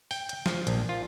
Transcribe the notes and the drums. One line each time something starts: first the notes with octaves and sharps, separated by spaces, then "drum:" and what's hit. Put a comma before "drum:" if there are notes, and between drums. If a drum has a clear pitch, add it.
G5, drum: open hi-hat
drum: hi-hat
F3, drum: snare
A#1, drum: hi-hat
F4